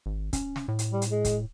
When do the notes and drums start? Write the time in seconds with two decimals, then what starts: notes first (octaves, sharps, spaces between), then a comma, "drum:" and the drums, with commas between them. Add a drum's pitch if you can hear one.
0.06 G#1
0.33 C#4, drum: kick, hi-hat
0.56 drum: snare
0.68 A2
0.79 drum: hi-hat
0.92 G3
1.02 drum: hi-hat
1.11 G#3
1.25 drum: kick, hi-hat